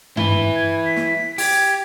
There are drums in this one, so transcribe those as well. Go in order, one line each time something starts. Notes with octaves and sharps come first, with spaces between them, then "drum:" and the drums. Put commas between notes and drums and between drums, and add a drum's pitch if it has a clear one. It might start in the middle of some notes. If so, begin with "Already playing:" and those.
E4 B4 G7, drum: tom G2
G#6
B6
drum: snare
G4 G#6, drum: open hi-hat